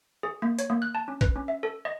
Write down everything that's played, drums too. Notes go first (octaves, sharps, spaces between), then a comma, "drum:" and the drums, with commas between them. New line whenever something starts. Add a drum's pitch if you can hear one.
G#4
A#3
C#5, drum: hi-hat
A#3
F#6
A5
C#4
B4, drum: kick A1
C#4
E5
A4
D#5